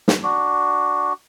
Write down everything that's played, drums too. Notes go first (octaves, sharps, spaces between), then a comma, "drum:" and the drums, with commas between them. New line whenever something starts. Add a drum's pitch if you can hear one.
drum: snare
D4 F#4